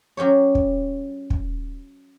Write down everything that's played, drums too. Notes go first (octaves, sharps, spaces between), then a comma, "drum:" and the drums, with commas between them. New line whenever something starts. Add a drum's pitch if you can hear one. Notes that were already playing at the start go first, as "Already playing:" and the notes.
F#3 C#4 G4 C#5
drum: kick
drum: kick